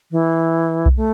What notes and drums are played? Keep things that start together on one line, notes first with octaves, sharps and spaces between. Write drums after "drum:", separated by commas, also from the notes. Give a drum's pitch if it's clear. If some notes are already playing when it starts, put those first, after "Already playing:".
E3
drum: kick B1
A3